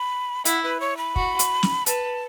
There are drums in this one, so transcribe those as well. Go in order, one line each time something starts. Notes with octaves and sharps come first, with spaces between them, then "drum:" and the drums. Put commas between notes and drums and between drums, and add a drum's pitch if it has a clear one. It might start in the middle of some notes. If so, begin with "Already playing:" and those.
Already playing: B5
E4 F#5, drum: hi-hat
B4
C#5
B5
F#4, drum: kick
drum: hi-hat
drum: snare
B4 A5, drum: hi-hat